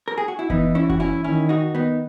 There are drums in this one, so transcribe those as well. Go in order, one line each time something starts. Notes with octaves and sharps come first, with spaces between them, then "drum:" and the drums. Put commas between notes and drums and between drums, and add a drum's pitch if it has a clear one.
A#4
G#4
F#4
E4
E3 B3 D#4, drum: kick F#1
C#4 E4
F#4, drum: kick F#1
C#4 E4
D#3 C#4 E4
D#4 F#4
B3 D#4